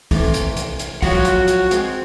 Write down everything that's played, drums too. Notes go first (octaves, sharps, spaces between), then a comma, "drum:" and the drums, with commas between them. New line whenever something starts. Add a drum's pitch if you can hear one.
C3 E3 A3, drum: kick, open hi-hat
drum: hi-hat
drum: hi-hat
drum: hi-hat
F3 F#3 G#3 F#4 F#5, drum: kick, open hi-hat
drum: hi-hat
drum: hi-hat
G#3 C4, drum: hi-hat